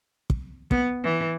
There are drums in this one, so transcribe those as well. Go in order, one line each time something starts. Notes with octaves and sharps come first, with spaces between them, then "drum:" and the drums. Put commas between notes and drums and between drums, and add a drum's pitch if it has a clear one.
drum: kick
B3, drum: kick
E3